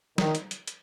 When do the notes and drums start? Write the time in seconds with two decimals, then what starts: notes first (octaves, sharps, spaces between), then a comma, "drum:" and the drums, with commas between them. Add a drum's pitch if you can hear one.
0.18 D#3, drum: snare
0.35 drum: hi-hat
0.51 drum: hi-hat
0.67 drum: hi-hat